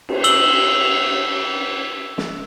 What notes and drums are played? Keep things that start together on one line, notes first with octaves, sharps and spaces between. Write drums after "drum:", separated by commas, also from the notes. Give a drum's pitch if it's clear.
drum: cymbal
E6 F#7 G7, drum: hi-hat
drum: snare